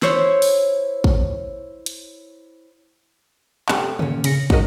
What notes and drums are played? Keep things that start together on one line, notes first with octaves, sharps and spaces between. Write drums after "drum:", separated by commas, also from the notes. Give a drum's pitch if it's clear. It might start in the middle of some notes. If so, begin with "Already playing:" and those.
E4 C5 C#5, drum: snare
drum: open hi-hat
drum: kick
drum: hi-hat
C3 A3 G4 F#5, drum: clap
A#2 C#4, drum: tom C3
C#3 A#6 C#7, drum: cymbal
G#2 C#3 F#4 A#4 D#5, drum: kick